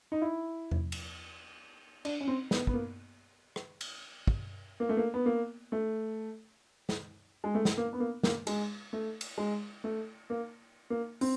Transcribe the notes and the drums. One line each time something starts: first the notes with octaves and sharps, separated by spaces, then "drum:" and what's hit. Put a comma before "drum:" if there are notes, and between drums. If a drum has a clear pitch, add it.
D#4
E4
drum: tom E2
drum: cymbal
D4, drum: cymbal
C#4
C4
B3, drum: snare
B3, drum: kick
A#3
drum: rim click
drum: cymbal
drum: kick
A#3
A3
A#3
B3
A#3
A3
drum: snare
G#3
A3
drum: snare
A#3
B3
A#3
A#3, drum: snare
G#3, drum: cymbal
A3
drum: cymbal
G#3
A3
A#3
A#3
C4, drum: open hi-hat